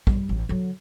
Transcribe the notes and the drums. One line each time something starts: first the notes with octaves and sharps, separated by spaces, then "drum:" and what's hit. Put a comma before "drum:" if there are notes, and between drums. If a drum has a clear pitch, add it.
G3, drum: kick
A1
D3 F#3